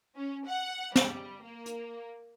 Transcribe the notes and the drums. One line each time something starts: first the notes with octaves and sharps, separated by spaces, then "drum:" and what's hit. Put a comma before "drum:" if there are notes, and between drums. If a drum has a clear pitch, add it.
C#4
F#5
G3, drum: snare
A#3
drum: hi-hat